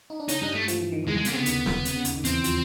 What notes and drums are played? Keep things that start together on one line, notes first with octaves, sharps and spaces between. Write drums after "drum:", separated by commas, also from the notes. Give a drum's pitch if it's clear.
D#4
D4
C#3 C#4 D#4, drum: hi-hat
G2 G3 D#4
A3
F3, drum: hi-hat
E3
D#3
E2 E3 G#3
G#3
C3 A#3, drum: hi-hat
C#3 C4
D3 B3
D#2 D#3, drum: hi-hat
drum: snare
C3, drum: hi-hat
C#3
D#2 D#3, drum: hi-hat
D#2 D#3
E2 E3 C4, drum: hi-hat
F3, drum: hi-hat